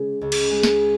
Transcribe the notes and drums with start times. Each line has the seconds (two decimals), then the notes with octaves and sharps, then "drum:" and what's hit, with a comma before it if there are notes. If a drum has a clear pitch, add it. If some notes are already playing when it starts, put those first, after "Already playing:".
Already playing: C#3 G#3
0.21 C#2
0.32 drum: cymbal
0.50 G#3
0.63 drum: snare